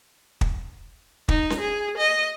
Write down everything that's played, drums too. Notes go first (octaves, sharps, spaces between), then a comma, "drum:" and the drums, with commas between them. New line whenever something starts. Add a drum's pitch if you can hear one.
drum: kick
D#4, drum: kick
drum: snare C#4
G#4
D#5